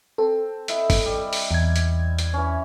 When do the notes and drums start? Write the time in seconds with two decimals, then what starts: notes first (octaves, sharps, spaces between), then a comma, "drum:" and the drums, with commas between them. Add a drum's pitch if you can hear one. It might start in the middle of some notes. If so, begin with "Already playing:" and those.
0.18 C4 A4
0.68 E4 D#5 E5, drum: hi-hat
0.90 drum: kick, open hi-hat
1.06 G3
1.33 drum: open hi-hat
1.51 E2 G#6
1.76 drum: hi-hat
2.19 drum: hi-hat
2.34 E3 C#4